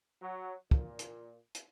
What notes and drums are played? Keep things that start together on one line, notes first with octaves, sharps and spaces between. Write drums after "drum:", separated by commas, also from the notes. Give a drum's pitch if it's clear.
F#3
A#2, drum: kick
drum: hi-hat
drum: hi-hat